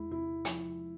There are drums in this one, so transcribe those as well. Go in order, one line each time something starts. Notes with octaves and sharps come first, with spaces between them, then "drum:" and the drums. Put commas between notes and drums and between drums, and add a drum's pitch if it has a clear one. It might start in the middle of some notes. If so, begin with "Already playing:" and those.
Already playing: E2 G#3 E4
C3 E4
F3, drum: hi-hat